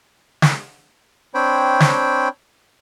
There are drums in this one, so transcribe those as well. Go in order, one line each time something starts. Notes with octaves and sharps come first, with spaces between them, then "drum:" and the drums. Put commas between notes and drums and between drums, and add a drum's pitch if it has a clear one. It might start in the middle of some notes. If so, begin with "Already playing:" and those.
drum: snare
C4 D4 C5 C#5 G5 B5
drum: snare